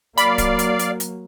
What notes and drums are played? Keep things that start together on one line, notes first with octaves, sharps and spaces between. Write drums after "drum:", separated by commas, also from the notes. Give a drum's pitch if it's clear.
F#3 A#3 D5 F5 B5, drum: hi-hat
drum: kick D1, hi-hat
drum: hi-hat
drum: hi-hat
drum: hi-hat